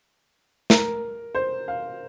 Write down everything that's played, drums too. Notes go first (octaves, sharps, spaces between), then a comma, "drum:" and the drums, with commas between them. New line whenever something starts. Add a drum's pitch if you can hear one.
A#4, drum: snare
C5
F5